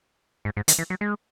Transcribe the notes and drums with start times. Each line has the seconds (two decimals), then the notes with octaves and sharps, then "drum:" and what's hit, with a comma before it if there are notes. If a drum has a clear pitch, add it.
0.45 G#2
0.57 G#2
0.68 D#3, drum: hi-hat
0.78 E3
0.90 F#3
1.01 G#3